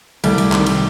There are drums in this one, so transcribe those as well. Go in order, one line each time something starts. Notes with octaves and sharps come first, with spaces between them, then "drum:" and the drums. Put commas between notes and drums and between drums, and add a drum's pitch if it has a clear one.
C2 G3 A3, drum: cymbal
drum: cymbal
C3 D#3, drum: clap
drum: cymbal